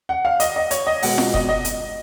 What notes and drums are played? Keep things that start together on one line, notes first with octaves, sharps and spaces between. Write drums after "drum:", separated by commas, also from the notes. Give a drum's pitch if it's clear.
F#5
F5
D#5, drum: hi-hat
D#5
C#5, drum: hi-hat
D#5
B2 G#3 B3 F#5, drum: open hi-hat
drum: snare F4
D#5, drum: kick F1
D#5
drum: hi-hat